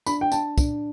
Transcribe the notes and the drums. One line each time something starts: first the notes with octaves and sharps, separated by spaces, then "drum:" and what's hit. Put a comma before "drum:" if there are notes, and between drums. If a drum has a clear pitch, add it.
D4 B5, drum: tambourine
G5
D4 A5, drum: tambourine
D4, drum: kick, tambourine